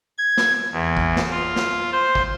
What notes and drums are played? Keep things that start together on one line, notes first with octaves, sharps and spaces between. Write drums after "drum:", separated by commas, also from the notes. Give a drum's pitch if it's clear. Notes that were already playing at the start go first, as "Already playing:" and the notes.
G#6
drum: snare
E2
drum: kick
drum: snare
F4
drum: snare
C5
drum: kick